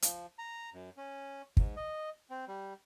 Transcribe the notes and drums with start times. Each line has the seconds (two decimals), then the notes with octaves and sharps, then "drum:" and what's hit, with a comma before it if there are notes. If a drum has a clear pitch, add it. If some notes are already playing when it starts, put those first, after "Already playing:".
0.02 F3, drum: hi-hat
0.39 A#5
0.73 F#2
0.97 C#4
1.57 G#2, drum: kick
1.76 D#5
2.30 C4
2.48 G3